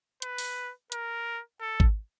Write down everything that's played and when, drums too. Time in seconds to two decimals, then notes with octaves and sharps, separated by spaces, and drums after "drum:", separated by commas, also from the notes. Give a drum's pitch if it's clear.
0.22 B4, drum: hi-hat
0.38 drum: open hi-hat
0.92 A#4, drum: hi-hat
1.61 A4
1.80 drum: kick G#1